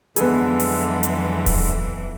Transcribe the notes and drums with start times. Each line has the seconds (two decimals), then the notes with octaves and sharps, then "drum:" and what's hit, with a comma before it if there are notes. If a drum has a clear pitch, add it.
0.16 F2 D3 E3 F#3 G#3 B3 G#4 A4, drum: hi-hat
0.60 drum: open hi-hat
1.03 drum: hi-hat
1.46 drum: kick D#1, open hi-hat